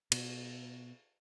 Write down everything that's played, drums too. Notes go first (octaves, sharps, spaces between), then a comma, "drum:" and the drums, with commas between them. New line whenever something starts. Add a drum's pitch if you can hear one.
B2, drum: cymbal